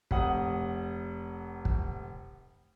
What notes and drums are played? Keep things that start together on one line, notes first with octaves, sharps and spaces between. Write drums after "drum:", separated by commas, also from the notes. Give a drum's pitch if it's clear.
F1 F#5 D#6, drum: kick
drum: kick